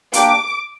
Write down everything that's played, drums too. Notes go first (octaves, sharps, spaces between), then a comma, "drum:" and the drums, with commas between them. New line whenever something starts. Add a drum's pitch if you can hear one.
A#3 D4 G4 D6, drum: hi-hat